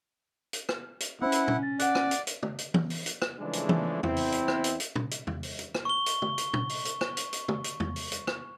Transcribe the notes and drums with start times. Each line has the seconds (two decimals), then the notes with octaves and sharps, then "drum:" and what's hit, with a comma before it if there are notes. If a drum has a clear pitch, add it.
0.53 drum: hi-hat
0.69 drum: rim click
1.00 drum: hi-hat
1.21 C4 C#4 E4 C5 F#5 B5 E6
1.32 drum: hi-hat
1.48 drum: tom
1.63 A6
1.79 D5 F#5 F#6, drum: hi-hat
1.95 drum: rim click
2.11 drum: hi-hat
2.27 drum: hi-hat
2.43 drum: tom
2.58 drum: hi-hat
2.74 drum: tom
2.90 drum: open hi-hat
3.06 drum: hi-hat
3.22 drum: rim click
3.39 C#3 E3 F3 G#3 A3 D4
3.53 drum: hi-hat
3.69 drum: tom
4.03 E2 C4 E4, drum: tom
4.16 drum: open hi-hat
4.32 drum: hi-hat
4.48 drum: rim click
4.64 drum: hi-hat
4.80 drum: hi-hat
4.95 drum: tom
5.11 drum: hi-hat
5.27 drum: tom
5.43 drum: open hi-hat
5.59 drum: hi-hat
5.75 drum: rim click
5.85 C#6 G7
6.06 drum: hi-hat
6.22 drum: tom
6.38 drum: hi-hat
6.54 drum: tom
6.69 drum: open hi-hat
6.85 drum: hi-hat
7.01 drum: rim click
7.17 drum: hi-hat
7.33 drum: hi-hat
7.48 drum: tom
7.64 drum: hi-hat
7.80 drum: tom
7.96 drum: open hi-hat
8.12 drum: hi-hat
8.27 drum: rim click